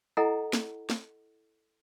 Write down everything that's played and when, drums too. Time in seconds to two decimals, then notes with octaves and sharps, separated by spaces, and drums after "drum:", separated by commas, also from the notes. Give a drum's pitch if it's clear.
0.17 E4 A4 D#5 F#5 G#5 A#5
0.53 drum: snare
0.90 drum: snare